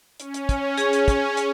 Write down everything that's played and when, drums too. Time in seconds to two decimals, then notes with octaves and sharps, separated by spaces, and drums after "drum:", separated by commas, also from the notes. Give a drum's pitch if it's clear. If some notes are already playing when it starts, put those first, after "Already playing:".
0.20 C#4, drum: hi-hat
0.34 drum: hi-hat
0.49 drum: kick, hi-hat
0.78 G#4, drum: hi-hat
0.93 drum: hi-hat
1.08 drum: kick, hi-hat
1.37 drum: hi-hat